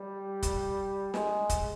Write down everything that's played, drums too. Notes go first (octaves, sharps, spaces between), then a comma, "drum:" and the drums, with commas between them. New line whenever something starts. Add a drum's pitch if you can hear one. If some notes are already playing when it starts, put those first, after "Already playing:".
Already playing: G3
drum: kick, hi-hat
G#3, drum: snare
drum: kick, hi-hat